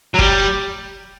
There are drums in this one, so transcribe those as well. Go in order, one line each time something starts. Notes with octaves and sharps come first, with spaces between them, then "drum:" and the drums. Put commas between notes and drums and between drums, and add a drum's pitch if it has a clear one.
F#3
G3, drum: kick